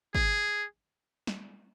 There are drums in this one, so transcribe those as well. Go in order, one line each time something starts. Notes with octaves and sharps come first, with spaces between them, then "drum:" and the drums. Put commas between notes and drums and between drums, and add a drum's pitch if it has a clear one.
G#4, drum: kick
drum: snare